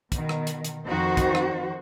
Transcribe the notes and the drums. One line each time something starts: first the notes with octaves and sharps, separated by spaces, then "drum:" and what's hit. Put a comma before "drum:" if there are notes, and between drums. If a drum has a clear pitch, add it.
B2 D#3, drum: kick, hi-hat
drum: rim click
drum: hi-hat
drum: hi-hat
F2 D#3 F#4 C5
drum: kick, hi-hat
drum: rim click